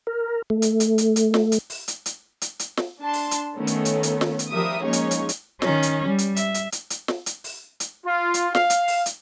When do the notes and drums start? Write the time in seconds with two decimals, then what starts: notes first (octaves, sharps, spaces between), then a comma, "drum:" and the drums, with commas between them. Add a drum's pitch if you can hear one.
0.07 A#4
0.50 A3
0.62 drum: hi-hat
0.80 drum: hi-hat
0.98 drum: hi-hat
1.16 drum: hi-hat
1.34 drum: snare
1.52 drum: hi-hat
1.70 drum: open hi-hat
1.88 drum: hi-hat
2.06 drum: hi-hat
2.41 drum: hi-hat
2.59 drum: hi-hat
2.77 drum: snare
3.00 D4 A5 C6
3.13 drum: open hi-hat
3.31 drum: hi-hat
3.57 D#3 A3 B3 C#4
3.67 drum: hi-hat
3.85 drum: hi-hat
4.03 drum: hi-hat
4.21 drum: snare
4.39 drum: hi-hat
4.51 F3 G3 G4 A#4 E5 D#6
4.83 F3 G#3 A#3 C#4 D#4 C#5
4.93 drum: hi-hat
5.11 drum: hi-hat
5.29 drum: hi-hat
5.62 D#3 C#4, drum: snare
5.83 drum: hi-hat
6.08 G3
6.18 drum: hi-hat
6.36 E5, drum: hi-hat
6.54 drum: hi-hat
6.72 drum: hi-hat
6.90 drum: hi-hat
7.08 drum: snare
7.26 drum: hi-hat
7.44 drum: open hi-hat
7.80 drum: hi-hat
8.06 F4
8.34 drum: hi-hat
8.55 F5, drum: snare
8.70 drum: hi-hat
8.88 drum: open hi-hat
9.06 drum: hi-hat